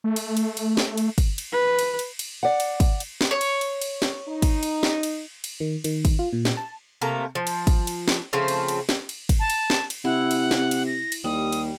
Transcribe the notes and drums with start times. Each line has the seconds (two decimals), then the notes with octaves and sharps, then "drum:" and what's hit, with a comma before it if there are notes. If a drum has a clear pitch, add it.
0.04 A3
0.16 drum: cymbal
0.37 drum: cymbal
0.57 drum: cymbal
0.77 drum: snare
0.97 drum: cymbal
1.18 drum: kick, cymbal
1.38 drum: cymbal
1.53 B4
1.79 drum: cymbal
1.99 drum: cymbal
2.19 drum: cymbal
2.43 D5 F#5
2.60 drum: cymbal
2.80 drum: kick, cymbal
3.00 drum: cymbal
3.21 drum: snare
3.31 C#5
3.41 drum: cymbal
3.61 drum: cymbal
3.82 drum: cymbal
4.02 drum: snare
4.28 D#4
4.42 drum: kick, cymbal
4.63 drum: cymbal
4.83 drum: snare
5.03 drum: cymbal
5.44 drum: cymbal
5.60 D#3
5.84 D#3, drum: cymbal
6.05 drum: kick, cymbal
6.19 F4
6.33 A#2
6.45 drum: snare
6.57 A5
7.01 C3 A3 A#3 A#5
7.35 F3
7.47 drum: cymbal
7.67 drum: kick, cymbal
7.87 drum: cymbal
8.08 drum: snare
8.33 C#3 F3 A3 C4
8.48 drum: cymbal
8.68 drum: cymbal
8.89 drum: snare
9.09 drum: cymbal
9.29 drum: kick, cymbal
9.40 A5
9.50 drum: cymbal
9.70 drum: snare
9.90 drum: cymbal
10.05 C3 E4 F#5
10.31 drum: cymbal
10.51 drum: snare
10.71 drum: cymbal
10.87 A#6
11.12 drum: cymbal
11.24 D#2 G3 D#6
11.52 drum: cymbal